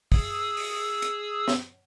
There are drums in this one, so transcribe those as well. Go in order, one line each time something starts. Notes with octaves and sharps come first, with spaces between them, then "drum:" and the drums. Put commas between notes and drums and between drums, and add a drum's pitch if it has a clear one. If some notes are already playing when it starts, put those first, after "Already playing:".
G#4 D#6 E6, drum: kick, open hi-hat
drum: open hi-hat
drum: hi-hat
drum: snare